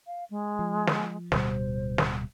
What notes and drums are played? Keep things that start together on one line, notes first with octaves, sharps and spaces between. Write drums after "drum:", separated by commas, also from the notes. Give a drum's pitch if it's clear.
F5
G#3
F3
drum: snare
D1 B2 G3 C5, drum: snare
drum: snare